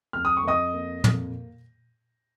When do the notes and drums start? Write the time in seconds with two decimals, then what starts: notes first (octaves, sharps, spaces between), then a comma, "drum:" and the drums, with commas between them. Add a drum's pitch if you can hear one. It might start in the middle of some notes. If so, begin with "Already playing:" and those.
0.13 F2 F6
0.25 D#6
0.37 C#6
0.44 F2 D#5 D#6
0.73 A#3
1.04 F2, drum: tom